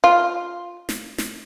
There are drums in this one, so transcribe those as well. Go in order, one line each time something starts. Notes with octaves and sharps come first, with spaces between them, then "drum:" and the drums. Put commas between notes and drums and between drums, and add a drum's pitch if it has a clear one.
F4
drum: snare
drum: snare